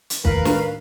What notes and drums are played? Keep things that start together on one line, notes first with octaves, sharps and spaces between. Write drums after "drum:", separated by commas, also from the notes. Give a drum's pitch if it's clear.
drum: hi-hat
A2 D#3 A#4 B4 F5, drum: kick
drum: snare